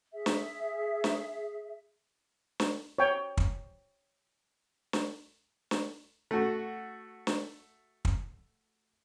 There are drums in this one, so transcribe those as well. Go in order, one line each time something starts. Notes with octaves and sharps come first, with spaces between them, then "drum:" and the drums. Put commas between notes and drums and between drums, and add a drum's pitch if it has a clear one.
G#4 E5
drum: snare
drum: snare
drum: snare
C#5 G5
drum: kick
drum: snare
drum: snare
A3 F#4
drum: snare
drum: kick